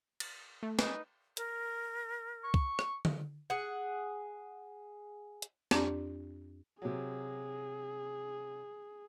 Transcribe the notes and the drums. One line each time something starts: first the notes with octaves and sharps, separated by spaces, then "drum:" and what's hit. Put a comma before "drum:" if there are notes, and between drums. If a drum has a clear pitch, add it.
A6, drum: cymbal
A3
D#4 B4, drum: snare
A#4, drum: hi-hat
C#6
drum: kick
drum: rim click
drum: tom D3
G#4 F#5
drum: hi-hat
F2 C4 D4 G4 D5 A#5, drum: snare
C3 F#3 G#4